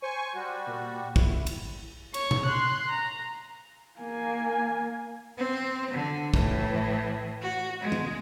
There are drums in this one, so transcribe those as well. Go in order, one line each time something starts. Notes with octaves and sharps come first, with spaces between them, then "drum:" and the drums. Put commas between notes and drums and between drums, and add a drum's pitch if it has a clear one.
C5 G#5 C#6
G3 F#4
A#2
E4, drum: kick
drum: cymbal
C#5 C#6, drum: cymbal
drum: tom B2
C6 F#6
A#5
A#3 G#5
C4
D3
A2 E3, drum: kick
F#4
G#3
drum: tom